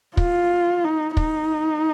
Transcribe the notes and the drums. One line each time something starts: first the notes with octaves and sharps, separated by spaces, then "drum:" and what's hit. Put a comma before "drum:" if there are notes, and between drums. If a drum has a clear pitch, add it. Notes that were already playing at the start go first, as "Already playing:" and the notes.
F4, drum: kick
D#4
D#4, drum: kick